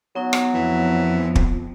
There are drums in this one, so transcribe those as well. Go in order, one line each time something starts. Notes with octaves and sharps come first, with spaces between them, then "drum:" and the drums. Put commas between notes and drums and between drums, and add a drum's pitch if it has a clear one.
F#3 B3 D#4
drum: rim click
F2 E3 F3
drum: kick